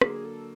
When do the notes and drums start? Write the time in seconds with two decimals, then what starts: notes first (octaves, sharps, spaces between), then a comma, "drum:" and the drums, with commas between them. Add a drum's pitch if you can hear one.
0.01 D3 F#3 A#3 G#4, drum: rim click
0.25 A4